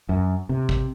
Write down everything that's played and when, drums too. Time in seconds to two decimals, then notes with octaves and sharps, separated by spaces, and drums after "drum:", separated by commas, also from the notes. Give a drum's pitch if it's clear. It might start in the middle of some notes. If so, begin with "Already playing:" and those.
0.09 F#2
0.49 C3
0.69 drum: kick